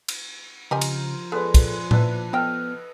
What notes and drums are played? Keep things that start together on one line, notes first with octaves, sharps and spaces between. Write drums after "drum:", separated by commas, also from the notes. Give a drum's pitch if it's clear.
drum: cymbal
C#3 F3 G4 A#4 C5 D#5 G#5
drum: cymbal
G#3 B3 G#4 A4 B4 D5
drum: kick, cymbal
A#2 D4 E4 B4, drum: tom A2
B3 A4 C5 D#5 G5 F6